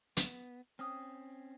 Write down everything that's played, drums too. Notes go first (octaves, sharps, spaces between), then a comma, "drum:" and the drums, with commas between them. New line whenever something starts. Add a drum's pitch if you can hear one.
B3, drum: hi-hat
C4 C#4 G5 D#6 F6